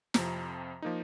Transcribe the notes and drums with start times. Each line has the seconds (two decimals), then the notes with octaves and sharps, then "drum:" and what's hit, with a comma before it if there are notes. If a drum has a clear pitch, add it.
0.14 F2 C3 F3 A#5, drum: snare
0.82 F3 A#3 D#4